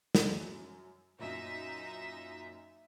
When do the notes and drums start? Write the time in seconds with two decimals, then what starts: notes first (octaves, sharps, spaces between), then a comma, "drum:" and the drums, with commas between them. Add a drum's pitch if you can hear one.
0.15 F#2, drum: snare
1.19 F#2 A#2 D#4 E5